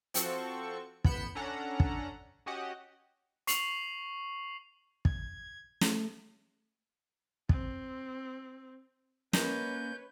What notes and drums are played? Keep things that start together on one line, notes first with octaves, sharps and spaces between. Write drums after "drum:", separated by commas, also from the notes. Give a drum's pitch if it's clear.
F3 C4 F#4 A4 C#6, drum: hi-hat
A1 B3 B5 G6 C#7 E7, drum: kick
C#4 D4 A4 F#5 A#5
drum: kick
C#4 F#4 G4 D#5 F#5
C#6 C7 F7 F#7, drum: hi-hat
G#6, drum: kick
A3, drum: snare
C4, drum: kick
A#3 C#4 B4 C#5 D#5 G6, drum: snare